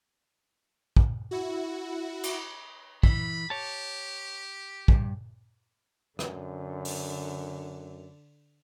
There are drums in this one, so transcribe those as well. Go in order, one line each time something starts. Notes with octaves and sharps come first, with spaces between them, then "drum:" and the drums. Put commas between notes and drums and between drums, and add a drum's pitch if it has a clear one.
drum: kick
E4 F#4
drum: cymbal
E3 B5, drum: kick
G4 C#5 A5
G2, drum: kick
F#2 D3, drum: rim click
drum: open hi-hat